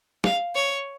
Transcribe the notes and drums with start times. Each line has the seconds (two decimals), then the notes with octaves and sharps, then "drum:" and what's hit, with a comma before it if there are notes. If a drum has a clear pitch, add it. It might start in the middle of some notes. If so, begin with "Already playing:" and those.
0.24 F5, drum: snare
0.55 C#5